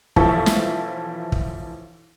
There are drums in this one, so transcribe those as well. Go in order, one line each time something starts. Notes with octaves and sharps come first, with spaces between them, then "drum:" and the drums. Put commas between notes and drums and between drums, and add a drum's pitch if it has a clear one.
B1 E3 F3 E4 A4 C#6, drum: kick
drum: snare
drum: kick